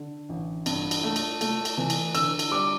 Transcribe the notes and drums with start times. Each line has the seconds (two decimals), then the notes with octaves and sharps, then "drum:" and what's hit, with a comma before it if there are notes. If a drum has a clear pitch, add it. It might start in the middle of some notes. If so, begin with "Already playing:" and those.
Already playing: D3
0.29 A1
0.66 G2, drum: cymbal
0.91 drum: cymbal
1.03 A3
1.16 drum: cymbal
1.41 A3, drum: cymbal
1.65 drum: cymbal
1.78 E3
1.90 drum: cymbal
2.15 D3 E6, drum: cymbal
2.39 drum: cymbal
2.51 G3 D6